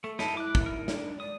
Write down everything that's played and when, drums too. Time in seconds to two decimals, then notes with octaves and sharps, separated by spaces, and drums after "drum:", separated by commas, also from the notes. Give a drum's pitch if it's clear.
0.04 A3 A4
0.19 D#4 E4 A5, drum: snare
0.37 E4 D6 F#6
0.55 drum: kick
0.66 D#4 A#4
0.88 D4, drum: snare
1.20 D5 D#6